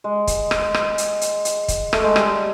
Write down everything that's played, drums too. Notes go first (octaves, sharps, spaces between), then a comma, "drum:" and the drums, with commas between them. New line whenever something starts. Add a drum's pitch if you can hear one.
G#3
drum: kick, hi-hat
drum: rim click
drum: rim click
drum: hi-hat
drum: hi-hat
drum: hi-hat
drum: kick, hi-hat
A3, drum: rim click
G#3
G3, drum: rim click